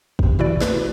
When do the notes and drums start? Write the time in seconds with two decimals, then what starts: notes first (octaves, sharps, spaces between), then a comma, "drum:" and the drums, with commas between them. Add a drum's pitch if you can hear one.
0.19 F#2 C3, drum: kick
0.39 E3 E4 F#4 D5, drum: tom B2
0.61 B4, drum: snare